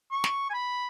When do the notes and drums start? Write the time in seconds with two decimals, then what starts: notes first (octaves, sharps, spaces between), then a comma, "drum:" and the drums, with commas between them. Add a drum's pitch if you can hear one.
0.11 C#6
0.24 drum: snare
0.50 G#5
0.54 B5